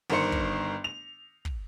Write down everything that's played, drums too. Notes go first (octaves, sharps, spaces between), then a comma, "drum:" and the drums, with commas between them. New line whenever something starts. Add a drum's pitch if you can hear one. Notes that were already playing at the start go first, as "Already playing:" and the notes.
G1 D#3 C5 C#7
drum: kick
F7
drum: kick